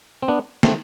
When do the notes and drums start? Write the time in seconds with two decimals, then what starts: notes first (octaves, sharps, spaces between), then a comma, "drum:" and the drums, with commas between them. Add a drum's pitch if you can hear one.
0.22 C4
0.28 B3 D4
0.63 A3 C4, drum: snare